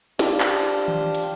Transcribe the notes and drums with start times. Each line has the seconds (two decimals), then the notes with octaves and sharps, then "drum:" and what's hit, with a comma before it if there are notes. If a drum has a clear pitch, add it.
0.19 D4 F4 G4 C5, drum: snare
0.40 drum: clap
0.88 drum: tom D#3
1.15 drum: hi-hat